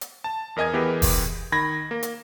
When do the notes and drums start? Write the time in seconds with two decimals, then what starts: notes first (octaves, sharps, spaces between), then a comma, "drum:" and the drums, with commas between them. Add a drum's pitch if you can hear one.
0.01 drum: hi-hat
0.24 A5
0.56 E2 A#4 D#5 G#5 G#6
0.73 E3 B3 G4 G#4 A#4
1.02 drum: kick, open hi-hat
1.52 D#3 B5 G#6 A#6
1.91 A#3
2.03 drum: hi-hat